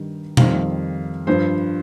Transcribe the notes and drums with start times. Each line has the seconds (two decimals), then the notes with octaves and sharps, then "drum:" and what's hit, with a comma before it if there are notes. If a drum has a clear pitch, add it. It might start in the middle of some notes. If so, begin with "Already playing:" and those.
Already playing: G2 D#3 G3
0.37 F2 D#3 G3 F5, drum: tom B2
1.27 G2 F3 C5